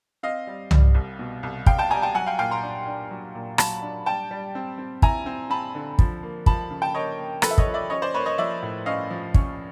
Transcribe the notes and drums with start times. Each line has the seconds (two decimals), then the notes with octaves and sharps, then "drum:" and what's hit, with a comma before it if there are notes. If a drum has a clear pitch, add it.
0.23 C4 D#5 F5
0.47 G3
0.71 G3, drum: tom C2
0.94 C2
1.19 B2
1.43 C2
1.66 C2 F5 G5, drum: kick
1.78 G5 A5
1.90 G3 G#5 A#5
2.02 G5 A5
2.15 F#3 F#5 G#5
2.26 F5 G5
2.39 A#2 F5 G5
2.51 A#5 C6
2.63 D4
2.87 D4
3.11 F#3
3.35 A#2
3.58 F#3 A5 B5, drum: rim click
3.82 D4
4.06 G3 G5 A5
4.31 G3
4.55 C4
4.78 C4
5.02 E4 G#5 A#5, drum: kick
5.26 C4
5.50 C4 A5 B5
5.75 D3
5.99 F3, drum: kick
6.23 A#3
6.46 F3 A5 B5, drum: kick
6.71 C#3
6.82 G5 A5
6.95 A#3 C#5 D#5
7.18 A#3
7.42 F3 A4 B4, drum: rim click
7.51 E5
7.58 C#5 D#5, drum: kick
7.66 F3
7.74 D5 E5
7.90 C#4 C#5 D#5
8.02 C5 D5
8.14 A#3 B4 C#5
8.26 C#5 D#5
8.38 F3 D5 E5
8.63 A2
8.86 C#4 D#5 F5
9.10 F3
9.34 C#4, drum: kick